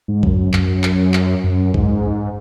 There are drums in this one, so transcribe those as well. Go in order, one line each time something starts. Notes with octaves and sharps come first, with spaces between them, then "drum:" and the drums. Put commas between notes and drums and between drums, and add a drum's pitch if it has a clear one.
G#2
F#2, drum: kick A#1
F#2, drum: clap
drum: clap
drum: clap
F#2
G#2, drum: kick A#1